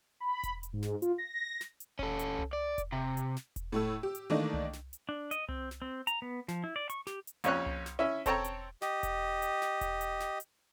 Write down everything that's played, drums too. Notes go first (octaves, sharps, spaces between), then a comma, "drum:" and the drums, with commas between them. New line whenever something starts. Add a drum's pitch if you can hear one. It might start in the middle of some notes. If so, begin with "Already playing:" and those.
B5
drum: kick E1, hi-hat
drum: hi-hat
G#2
drum: snare
F4, drum: hi-hat
A#6
drum: snare
drum: hi-hat
C#4 A4, drum: kick E1
drum: hi-hat
drum: tom C2
D5
drum: kick E1, hi-hat
C3
drum: hi-hat
drum: snare
drum: kick E1, hi-hat
A2 A3 E6
G4
drum: hi-hat
D#3 E3 A3 A#3 D4 D#5
drum: tom C2
drum: snare
drum: hi-hat
D4
D#5, drum: hi-hat
C4, drum: tom C2
drum: snare
C4
A#5, drum: hi-hat
B3
F3, drum: snare
E4
D5
C#6, drum: hi-hat
G4, drum: snare
drum: hi-hat
A#1 F2 C#4 C#5 F#6, drum: hi-hat
drum: tom C2
drum: snare
C#4 E4 E5
C4 A4 C#5 G5 A5 A#5, drum: kick E1, hi-hat
drum: hi-hat
G4 D#5, drum: snare
drum: kick E1, hi-hat
drum: hi-hat
drum: snare
drum: kick E1, hi-hat
drum: hi-hat
drum: snare
drum: hi-hat